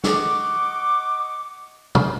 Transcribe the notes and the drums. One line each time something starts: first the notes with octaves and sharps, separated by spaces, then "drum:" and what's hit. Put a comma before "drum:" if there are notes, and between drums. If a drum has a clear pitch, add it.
D#5 F#5 C#6 D6, drum: snare
drum: tom